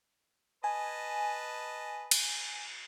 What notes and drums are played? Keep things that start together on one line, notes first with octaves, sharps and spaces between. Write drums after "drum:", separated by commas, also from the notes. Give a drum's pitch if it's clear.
B4 D#5 G#5 A5
drum: cymbal